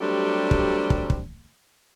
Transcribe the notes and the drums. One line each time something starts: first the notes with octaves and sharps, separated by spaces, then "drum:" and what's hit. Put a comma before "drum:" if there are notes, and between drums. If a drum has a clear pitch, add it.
F#3 G3 A3 C4 D4 G4
drum: kick
drum: kick
drum: kick